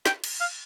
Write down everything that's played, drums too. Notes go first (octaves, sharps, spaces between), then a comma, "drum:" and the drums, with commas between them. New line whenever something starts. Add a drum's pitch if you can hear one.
G5, drum: snare
drum: cymbal
F5